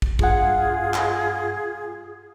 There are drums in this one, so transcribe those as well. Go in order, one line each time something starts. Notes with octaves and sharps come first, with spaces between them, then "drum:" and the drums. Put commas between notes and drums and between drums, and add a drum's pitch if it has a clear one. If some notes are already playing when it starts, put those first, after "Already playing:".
drum: kick
G2 F4 G#4 F#5, drum: kick
drum: clap